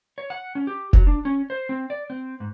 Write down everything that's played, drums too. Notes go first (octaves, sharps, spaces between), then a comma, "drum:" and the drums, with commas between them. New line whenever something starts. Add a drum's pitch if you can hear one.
C#5
F#5
C#4
G4
F#3, drum: kick F1
D4
C#4
C5
C4
D5
C4
G#2